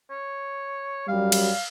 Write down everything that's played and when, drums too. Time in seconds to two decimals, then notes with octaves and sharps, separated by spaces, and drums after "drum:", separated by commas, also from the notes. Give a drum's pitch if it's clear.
0.10 C#5
1.08 F#2 F#3 G3 F5
1.32 drum: cymbal